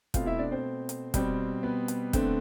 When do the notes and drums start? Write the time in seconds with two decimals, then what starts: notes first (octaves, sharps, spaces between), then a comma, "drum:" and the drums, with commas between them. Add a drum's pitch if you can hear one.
0.14 B2 A3 C4 F4 F5, drum: kick, hi-hat
0.26 E4 E5
0.39 D4 D5
0.51 C4 C5
0.89 drum: hi-hat
1.14 B2 G3 C4, drum: kick, hi-hat
1.63 B3 B4
1.88 drum: hi-hat
2.13 D3 A3 C4, drum: kick, hi-hat